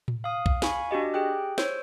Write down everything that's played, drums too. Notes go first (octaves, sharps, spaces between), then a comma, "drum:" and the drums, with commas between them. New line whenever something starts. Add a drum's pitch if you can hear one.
drum: tom A2
F5 D#6
drum: kick B1
F5 G#5 B5 C#6, drum: snare
D4 F#4 G4 D#5
G4 G#4 G5 F#6
C5 C#5 E6, drum: snare